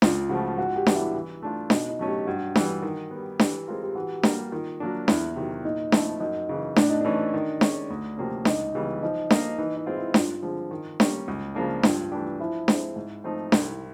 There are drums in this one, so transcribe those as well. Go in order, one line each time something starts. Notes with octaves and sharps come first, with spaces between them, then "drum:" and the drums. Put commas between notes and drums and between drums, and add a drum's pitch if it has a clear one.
C#2 F4, drum: snare D4
C#3 F3 A3 F#4
G#2 F#4
G4
E3 G3 B3 D4, drum: snare D4
E4
E3
A3 D4 F4
B2 D#4, drum: snare D4
D#4
F#3 A3 C#4
G4
G2 F#4
E3 G3, drum: snare D4
D#3
G3 B3
E3 G4, drum: snare D4
G#3 C4 F4 A#4
G4
E3 F#4
G3 A#3, drum: snare D4
D#3 F4
F#3 A#3 D4
E2 E4, drum: snare D4
C3 D#3 F#3
A#2 D#4
F3 A3 C4 E4, drum: snare D4
F#2 D#4
C#3 E3
A2 D4, drum: snare D4
D#4
E3 A3 C#4 D4
D#3
G#3 C#4, drum: snare D4
D2
C3 F3 A#3 C#4
C#2 D#4, drum: snare D4
C#3 E3 G3 B3
F3 D#4
A#3 D#4, drum: snare D4
E3 D#4
D#4
G#3 C4 F4
E4
G2 F4, drum: snare D4
D3 F3 G#3 C4
D#3
G3 A#3 C#4, drum: snare D4
C#2
C#3 F3 A#3 D4
G2 F4, drum: snare D4
E3 A3 D4 G4
F3 E4
G#3 C4, drum: snare D4
G#2
F3 A3 C4 D#4
C2, drum: snare D4